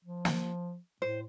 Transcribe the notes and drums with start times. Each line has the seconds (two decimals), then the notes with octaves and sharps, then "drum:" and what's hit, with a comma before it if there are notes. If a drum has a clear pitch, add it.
0.05 F3
0.25 drum: snare
1.02 A2 C5